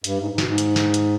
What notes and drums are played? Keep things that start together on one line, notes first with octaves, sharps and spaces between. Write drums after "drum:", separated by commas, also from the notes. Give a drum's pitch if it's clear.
G2, drum: hi-hat
G#2
G#2
B2, drum: snare
G#2
drum: hi-hat
drum: snare
drum: hi-hat